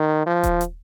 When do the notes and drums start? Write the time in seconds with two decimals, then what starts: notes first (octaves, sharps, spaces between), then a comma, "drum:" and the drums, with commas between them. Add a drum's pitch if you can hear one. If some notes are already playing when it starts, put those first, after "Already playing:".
Already playing: D#3
0.26 F3
0.43 drum: kick D#1, hi-hat
0.61 drum: hi-hat